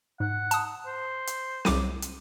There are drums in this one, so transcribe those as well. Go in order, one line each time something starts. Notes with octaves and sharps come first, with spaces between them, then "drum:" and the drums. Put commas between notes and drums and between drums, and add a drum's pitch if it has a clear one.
G#2 F#5
A5 D#6, drum: hi-hat
C5
drum: hi-hat
C2 D6 D#7, drum: snare
drum: hi-hat